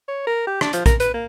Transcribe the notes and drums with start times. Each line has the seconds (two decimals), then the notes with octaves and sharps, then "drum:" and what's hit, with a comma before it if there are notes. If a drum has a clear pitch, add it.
0.08 C#5
0.27 A#4
0.47 G4
0.61 D4, drum: rim click
0.73 F3, drum: hi-hat
0.86 A#4, drum: kick A#1, hi-hat
1.00 B4, drum: hi-hat
1.14 A#3